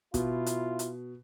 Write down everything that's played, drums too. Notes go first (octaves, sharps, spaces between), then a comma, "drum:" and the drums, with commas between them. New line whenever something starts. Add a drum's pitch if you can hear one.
B2 E4 F4, drum: kick, hi-hat
drum: hi-hat
drum: hi-hat